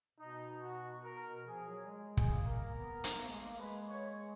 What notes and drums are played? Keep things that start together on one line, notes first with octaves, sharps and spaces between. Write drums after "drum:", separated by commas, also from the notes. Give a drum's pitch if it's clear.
B2 D#4
F#4
A#4
B2
F3 G#4
F#3
G#3
G#4, drum: kick
A#3
A#4
B3
drum: hi-hat
A#3
G#3
A#3
G#3 B4
C#5